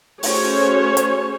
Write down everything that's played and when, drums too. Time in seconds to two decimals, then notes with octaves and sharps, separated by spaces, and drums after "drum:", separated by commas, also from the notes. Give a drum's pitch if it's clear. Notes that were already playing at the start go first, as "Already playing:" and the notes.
0.23 A3 C#4 F#4 G#4 C5 C#5, drum: open hi-hat
0.97 drum: hi-hat